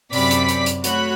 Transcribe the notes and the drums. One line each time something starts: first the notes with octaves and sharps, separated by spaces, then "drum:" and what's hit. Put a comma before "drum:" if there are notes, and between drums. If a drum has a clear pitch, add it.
F#2 C3 D5 B5 D6 B6, drum: open hi-hat
drum: hi-hat
drum: hi-hat
drum: hi-hat
A3 F#4 C#5 B5 F#6, drum: hi-hat